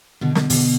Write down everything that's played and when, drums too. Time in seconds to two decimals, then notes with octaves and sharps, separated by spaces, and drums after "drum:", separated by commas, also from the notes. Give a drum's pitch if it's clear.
0.21 B2 D3
0.35 B2 D3, drum: snare
0.50 B2 D3, drum: open hi-hat